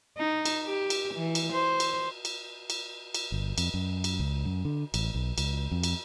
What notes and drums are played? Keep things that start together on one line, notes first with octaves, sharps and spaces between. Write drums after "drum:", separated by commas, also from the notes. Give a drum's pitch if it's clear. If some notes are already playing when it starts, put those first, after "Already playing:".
D#4
drum: cymbal
G4
drum: cymbal
E3
drum: cymbal
C5
drum: cymbal
drum: cymbal
drum: cymbal
drum: cymbal
G1
F2, drum: cymbal
F#2
drum: cymbal
C#2
F#2
D3
A1, drum: cymbal
B1
C#2, drum: cymbal
F2
drum: cymbal